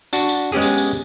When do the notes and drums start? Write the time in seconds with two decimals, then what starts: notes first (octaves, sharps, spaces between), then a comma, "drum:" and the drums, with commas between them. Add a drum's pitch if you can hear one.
0.13 D4 F#4, drum: tambourine
0.29 drum: tambourine
0.52 G#3 B3 C#4 G4 G#4
0.61 drum: tambourine
0.78 drum: tambourine